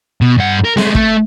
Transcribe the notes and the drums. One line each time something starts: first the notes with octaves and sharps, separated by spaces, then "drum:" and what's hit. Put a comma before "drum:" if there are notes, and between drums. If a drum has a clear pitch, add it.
B2
G2 F#5
A#4
G#3 A3, drum: snare C4
A3, drum: kick